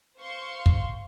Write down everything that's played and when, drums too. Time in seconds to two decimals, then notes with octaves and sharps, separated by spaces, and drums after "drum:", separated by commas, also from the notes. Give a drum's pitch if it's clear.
0.19 C5 F5 C6 C#6
0.66 drum: kick